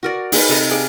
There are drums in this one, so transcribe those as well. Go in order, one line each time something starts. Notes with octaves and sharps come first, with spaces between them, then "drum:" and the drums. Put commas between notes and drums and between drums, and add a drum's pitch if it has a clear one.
F#4 A#4 D5
D#4 G#4 A#4 B4, drum: open hi-hat
C3 A4 F5 A#5
G#4 D5 F5